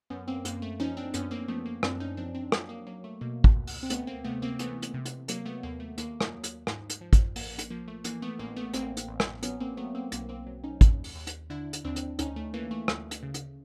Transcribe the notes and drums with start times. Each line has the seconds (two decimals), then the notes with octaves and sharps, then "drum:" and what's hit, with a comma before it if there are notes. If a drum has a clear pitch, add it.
0.10 F#2 B3 C#4
0.28 A#3 C4
0.45 F#2 A#3, drum: hi-hat
0.62 A3
0.80 F3 C#4 D#4
0.97 C4 D4
1.14 F#2 B3 C#4, drum: hi-hat
1.31 A#3 C4
1.48 F3 A3 B3
1.66 A#3
1.83 F#2 C4 D4, drum: rim click
2.00 C#4 D#4
2.17 F3 C4 D4
2.35 C4 D4
2.52 F#3 A#3, drum: rim click
2.69 A#3
2.87 F#3 A#3
3.04 A3
3.21 B2 A#3
3.44 drum: kick
3.56 C#2
3.67 drum: open hi-hat
3.83 C4
3.90 D2 A3 B3, drum: hi-hat
4.07 A#3 C4
4.24 C3 A3 B3
4.42 A#3 C4
4.59 E3 A3 B3, drum: hi-hat
4.82 drum: hi-hat
4.94 C3
5.05 drum: hi-hat
5.28 F#3 A#3, drum: hi-hat
5.45 A3 B3
5.63 D#2 A#3
5.80 A3
5.98 D#2 A#3, drum: hi-hat
6.21 drum: rim click
6.32 F#3
6.44 drum: hi-hat
6.67 G#2, drum: rim click
6.90 drum: hi-hat
7.01 F3
7.13 drum: kick, hi-hat
7.36 A1 A#3, drum: open hi-hat
7.59 drum: hi-hat
7.70 F3 A#3
7.88 A3
8.04 E3 A#3, drum: hi-hat
8.22 A3 B3
8.39 A1 A#3
8.56 A3 B3
8.73 A1 A#3 C4, drum: hi-hat
8.97 drum: hi-hat
9.08 A1
9.20 drum: rim click
9.43 F#3 B3 C#4, drum: hi-hat
9.60 A#3 C4
9.77 F#3 A3 B3
9.95 A#3 C4
10.12 B1 A#3, drum: hi-hat
10.29 A#3 C4
10.47 F#3
10.64 C#4 D#4
10.81 D#2, drum: kick, hi-hat
11.04 drum: open hi-hat
11.16 D#2
11.27 drum: hi-hat
11.50 D3 D4 E4
11.73 drum: hi-hat
11.84 D#2 C4 D4
11.96 drum: hi-hat
12.19 D2 C#4 D#4, drum: hi-hat
12.36 A3
12.54 E3 A#3
12.71 A3
12.88 D2, drum: rim click
13.11 drum: hi-hat
13.23 C#3
13.34 drum: hi-hat